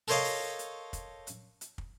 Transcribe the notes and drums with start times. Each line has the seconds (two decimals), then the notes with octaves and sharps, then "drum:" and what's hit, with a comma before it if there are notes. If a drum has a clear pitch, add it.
0.08 A4 A#4 C5 C#5 D#5 F5
0.25 drum: open hi-hat
0.59 drum: hi-hat
0.93 drum: kick, hi-hat
1.27 drum: hi-hat
1.61 drum: hi-hat
1.78 drum: kick